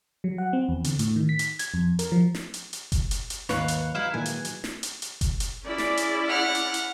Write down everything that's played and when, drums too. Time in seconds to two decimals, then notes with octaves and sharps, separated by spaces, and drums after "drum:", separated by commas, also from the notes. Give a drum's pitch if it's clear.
0.24 F#3
0.38 F#5
0.53 C4
0.69 E2
0.84 D3, drum: hi-hat
0.99 A2, drum: hi-hat
1.16 D#3
1.29 B6
1.39 drum: hi-hat
1.59 G#6, drum: hi-hat
1.74 F2
1.99 A#4, drum: hi-hat
2.12 F3
2.35 drum: snare
2.54 drum: hi-hat
2.73 drum: hi-hat
2.92 drum: kick F#1, hi-hat
3.11 drum: hi-hat
3.30 drum: hi-hat
3.49 G#1 D#2 F#3 B4 C#5 F5 F#6, drum: snare
3.68 drum: hi-hat
3.95 F#3 G#3 E4 E5 F5
4.14 A#2 D#3 E3 G#5
4.26 drum: hi-hat
4.45 drum: hi-hat
4.64 drum: snare
4.83 drum: hi-hat
5.02 drum: hi-hat
5.21 drum: kick F#1, hi-hat
5.40 drum: hi-hat
5.65 C#4 E4 G#4 D5
5.78 drum: snare
5.97 drum: hi-hat
6.29 F#5 F6
6.55 drum: hi-hat
6.74 drum: hi-hat